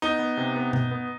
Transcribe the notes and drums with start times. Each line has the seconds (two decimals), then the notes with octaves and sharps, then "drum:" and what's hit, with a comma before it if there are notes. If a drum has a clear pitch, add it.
0.02 B3 D#4
0.19 B3
0.37 C3
0.56 B3
0.73 B3, drum: tom B2
0.91 B3